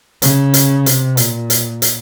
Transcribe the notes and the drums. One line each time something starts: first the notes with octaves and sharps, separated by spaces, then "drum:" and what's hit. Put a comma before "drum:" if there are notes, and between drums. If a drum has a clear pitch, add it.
C#3, drum: hi-hat
drum: hi-hat
C3, drum: hi-hat
A#2, drum: hi-hat
drum: hi-hat
drum: hi-hat